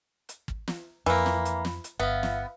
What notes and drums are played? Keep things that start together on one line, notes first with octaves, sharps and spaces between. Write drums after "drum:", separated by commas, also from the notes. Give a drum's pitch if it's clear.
drum: hi-hat
drum: kick
drum: snare
F2 E3 A#3 B5, drum: open hi-hat
drum: snare
drum: hi-hat
drum: snare
drum: hi-hat
G1 B3 E5 F5
drum: snare